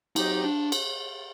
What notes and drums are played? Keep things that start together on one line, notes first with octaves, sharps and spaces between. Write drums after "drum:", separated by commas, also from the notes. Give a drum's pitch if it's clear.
F#3 C4 D#4 G4, drum: cymbal
D4
drum: cymbal